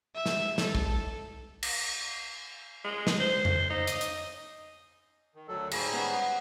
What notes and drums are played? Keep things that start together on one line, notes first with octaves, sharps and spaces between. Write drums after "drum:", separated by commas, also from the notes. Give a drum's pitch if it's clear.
E5
drum: snare
A4, drum: snare
drum: kick A#1
drum: cymbal
G#3
drum: snare
C5
drum: tom F2
D#4
D#5, drum: hi-hat
drum: hi-hat
D#3
D2 F#3 A4
G#2 G3 G#4, drum: cymbal
B3 C#4